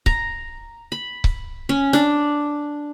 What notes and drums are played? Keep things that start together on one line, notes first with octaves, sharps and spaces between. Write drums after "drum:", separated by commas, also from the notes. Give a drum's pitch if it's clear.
A#5, drum: kick C#1
B5
drum: kick C#1
C#4
D4, drum: snare